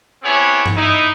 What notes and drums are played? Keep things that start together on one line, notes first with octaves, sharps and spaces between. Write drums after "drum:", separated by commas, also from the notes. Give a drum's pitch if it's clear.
B3 C4 E4 G4 G#4 C#5
drum: tom G2
D#4 E4